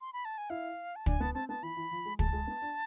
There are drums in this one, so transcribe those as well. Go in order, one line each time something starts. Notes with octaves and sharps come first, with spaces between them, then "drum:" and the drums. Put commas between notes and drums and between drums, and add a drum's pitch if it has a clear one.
C6
B5
A5
G#5
E4 F5
A5
D4 G#5, drum: kick
B3 A5
C4 A5
B3 A5
E3 B5
E3
F3
G#3
G#3 A5, drum: kick
G#3
B3
D4